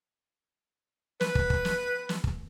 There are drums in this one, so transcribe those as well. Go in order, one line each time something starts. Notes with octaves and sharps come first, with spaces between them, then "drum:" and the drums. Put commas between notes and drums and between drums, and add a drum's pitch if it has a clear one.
B4, drum: snare
drum: kick
drum: kick
drum: snare
drum: snare
drum: kick